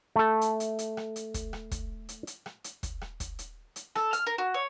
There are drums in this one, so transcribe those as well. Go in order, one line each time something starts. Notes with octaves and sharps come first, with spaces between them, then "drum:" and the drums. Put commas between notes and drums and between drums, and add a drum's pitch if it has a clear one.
A3 A4
drum: hi-hat
drum: hi-hat
drum: hi-hat
drum: rim click
drum: hi-hat
drum: kick, hi-hat
drum: rim click
drum: kick, hi-hat
drum: hi-hat
drum: hi-hat
drum: rim click
drum: hi-hat
drum: kick, hi-hat
drum: rim click
drum: kick, hi-hat
drum: hi-hat
drum: hi-hat
A4, drum: rim click
F6, drum: hi-hat
A#4
F#4
C#5